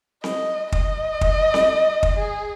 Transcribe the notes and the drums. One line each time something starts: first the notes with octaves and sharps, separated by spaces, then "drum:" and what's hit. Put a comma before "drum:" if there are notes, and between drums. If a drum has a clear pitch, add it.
D#5, drum: snare C4
D#5, drum: kick
drum: kick
drum: snare C4
drum: kick
G#4